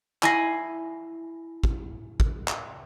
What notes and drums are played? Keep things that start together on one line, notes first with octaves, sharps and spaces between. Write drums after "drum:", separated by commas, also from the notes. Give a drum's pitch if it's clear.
E4 G#5 B5 A#6 C7, drum: clap
drum: kick
drum: kick
drum: clap